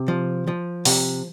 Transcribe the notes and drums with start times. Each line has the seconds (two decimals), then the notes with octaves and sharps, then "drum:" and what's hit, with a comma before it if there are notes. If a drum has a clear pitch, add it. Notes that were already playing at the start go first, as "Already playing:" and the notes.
Already playing: C3
0.08 F3
0.47 F3
0.85 C3, drum: open hi-hat